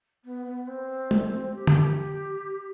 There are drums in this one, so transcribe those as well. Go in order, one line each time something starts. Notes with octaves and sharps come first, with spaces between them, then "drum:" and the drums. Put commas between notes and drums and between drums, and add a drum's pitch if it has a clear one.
B3
B3
C4
drum: tom
G4
drum: tom